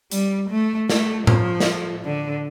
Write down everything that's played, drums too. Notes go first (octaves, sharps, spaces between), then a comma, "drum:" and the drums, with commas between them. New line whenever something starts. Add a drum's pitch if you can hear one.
G3, drum: hi-hat
A3
A3, drum: snare
F3, drum: tom A2
drum: snare
D3